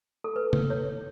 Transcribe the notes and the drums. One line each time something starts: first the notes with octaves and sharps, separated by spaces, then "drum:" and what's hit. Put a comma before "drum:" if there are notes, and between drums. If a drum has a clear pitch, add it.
A4
B4
drum: tom C#3
C#5